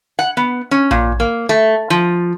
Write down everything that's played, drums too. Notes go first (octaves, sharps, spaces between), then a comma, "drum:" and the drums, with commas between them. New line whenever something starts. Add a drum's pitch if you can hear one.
F#5
B3
C#4
A#2, drum: tom A#1
A#3
A3
F3